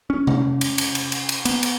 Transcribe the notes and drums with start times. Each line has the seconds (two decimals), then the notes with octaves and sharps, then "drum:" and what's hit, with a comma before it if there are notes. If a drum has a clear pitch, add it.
0.10 C#4
0.27 drum: tom C3
0.61 drum: cymbal
0.78 drum: cymbal
0.95 drum: cymbal
1.12 drum: cymbal
1.29 drum: cymbal
1.45 B3, drum: cymbal
1.63 drum: cymbal